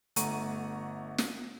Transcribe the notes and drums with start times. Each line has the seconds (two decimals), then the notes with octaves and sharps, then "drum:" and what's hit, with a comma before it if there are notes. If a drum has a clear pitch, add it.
0.16 G1 A3 F#5 A#5 C#6 D#7, drum: hi-hat
1.18 drum: snare